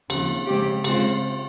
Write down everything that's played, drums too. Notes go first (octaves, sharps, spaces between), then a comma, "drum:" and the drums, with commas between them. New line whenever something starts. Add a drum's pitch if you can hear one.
D#2 C#3 F3 C4, drum: cymbal
C#3 G#3 C4 G4
C#3 G#3 C4 F4 C5, drum: cymbal